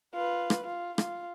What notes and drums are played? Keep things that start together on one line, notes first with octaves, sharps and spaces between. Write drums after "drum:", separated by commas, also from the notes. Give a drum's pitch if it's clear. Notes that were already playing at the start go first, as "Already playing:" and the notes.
F4 B4
drum: rim click
F4
F4, drum: rim click